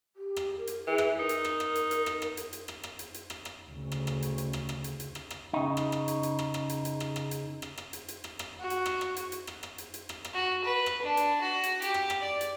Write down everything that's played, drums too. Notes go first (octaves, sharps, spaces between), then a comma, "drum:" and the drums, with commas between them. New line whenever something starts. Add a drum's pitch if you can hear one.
G4
drum: rim click
A#4
drum: hi-hat
E3 G#4
drum: rim click
D#4 A#4
drum: hi-hat
drum: rim click
drum: rim click
drum: hi-hat
drum: hi-hat
drum: rim click
drum: rim click
drum: hi-hat
drum: hi-hat
drum: rim click
drum: rim click
drum: hi-hat
drum: hi-hat
drum: rim click
drum: rim click
D2 C#3
drum: rim click
drum: rim click
drum: hi-hat
drum: hi-hat
drum: rim click
drum: rim click
drum: hi-hat
drum: hi-hat
drum: rim click
drum: rim click
C#3 D#4
drum: rim click
drum: rim click
drum: hi-hat
drum: hi-hat
drum: rim click
drum: rim click
drum: hi-hat
drum: hi-hat
drum: rim click
drum: rim click
drum: hi-hat
drum: rim click
drum: rim click
drum: hi-hat
drum: hi-hat
drum: rim click
drum: rim click
F#4
drum: hi-hat
drum: rim click
drum: rim click
drum: hi-hat
drum: hi-hat
drum: rim click
drum: rim click
drum: hi-hat
drum: hi-hat
drum: rim click
drum: rim click
F#4
B4
drum: rim click
D4
drum: hi-hat
F#4
drum: hi-hat
G4, drum: hi-hat
drum: rim click
drum: rim click
D5
drum: hi-hat